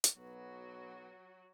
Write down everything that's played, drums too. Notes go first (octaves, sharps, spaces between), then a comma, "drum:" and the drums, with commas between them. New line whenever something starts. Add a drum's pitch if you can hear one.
drum: hi-hat
B1 F#3 B3 F#4